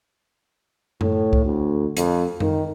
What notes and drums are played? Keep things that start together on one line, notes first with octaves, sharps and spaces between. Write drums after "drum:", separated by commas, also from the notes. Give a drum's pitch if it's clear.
A2, drum: tom F#2
drum: kick C#2
D2
F2, drum: hi-hat
D#3, drum: tom F#2